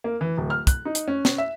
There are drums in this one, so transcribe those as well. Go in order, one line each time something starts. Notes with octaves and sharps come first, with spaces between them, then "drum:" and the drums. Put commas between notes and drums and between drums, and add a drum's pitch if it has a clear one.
A#3
E3
D1
F6
F#6, drum: kick, hi-hat
D#4
drum: hi-hat
C#4
drum: snare
E5